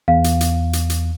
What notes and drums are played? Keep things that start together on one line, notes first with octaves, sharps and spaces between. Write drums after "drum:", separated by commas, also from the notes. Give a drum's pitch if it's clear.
E2 F5
drum: hi-hat
drum: hi-hat
drum: hi-hat
drum: hi-hat